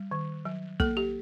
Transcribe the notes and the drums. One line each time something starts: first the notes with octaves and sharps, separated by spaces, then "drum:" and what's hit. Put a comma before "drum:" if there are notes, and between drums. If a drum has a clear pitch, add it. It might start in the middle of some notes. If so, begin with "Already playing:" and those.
Already playing: G3
D#3
F#3
A#3 A4, drum: kick
G4